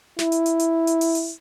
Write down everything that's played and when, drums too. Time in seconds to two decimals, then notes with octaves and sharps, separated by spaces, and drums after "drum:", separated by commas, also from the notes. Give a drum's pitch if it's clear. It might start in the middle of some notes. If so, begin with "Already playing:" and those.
0.19 E4, drum: snare
0.32 drum: hi-hat
0.46 drum: hi-hat
0.60 drum: hi-hat
0.87 drum: hi-hat
1.01 drum: open hi-hat
1.15 drum: hi-hat